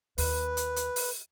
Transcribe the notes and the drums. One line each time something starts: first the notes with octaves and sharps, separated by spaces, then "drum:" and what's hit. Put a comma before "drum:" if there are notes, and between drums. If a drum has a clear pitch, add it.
D#2 B4, drum: open hi-hat
drum: hi-hat
drum: hi-hat
drum: open hi-hat